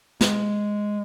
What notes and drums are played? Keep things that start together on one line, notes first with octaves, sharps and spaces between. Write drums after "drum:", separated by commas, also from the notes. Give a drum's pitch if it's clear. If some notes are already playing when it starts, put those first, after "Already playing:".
G#3, drum: snare